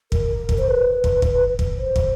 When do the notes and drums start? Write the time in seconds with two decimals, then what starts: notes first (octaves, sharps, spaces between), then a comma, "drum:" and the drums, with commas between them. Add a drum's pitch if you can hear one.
0.12 A#4, drum: kick
0.49 drum: kick
0.58 C5
0.67 B4
1.04 drum: kick
1.22 drum: kick
1.59 drum: kick
1.77 C5
1.96 drum: kick